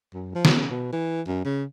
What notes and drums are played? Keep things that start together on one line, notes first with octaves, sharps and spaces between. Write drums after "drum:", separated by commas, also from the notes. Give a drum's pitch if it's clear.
F#2
F3
drum: snare
C#3
B2
E3
F#2
C#3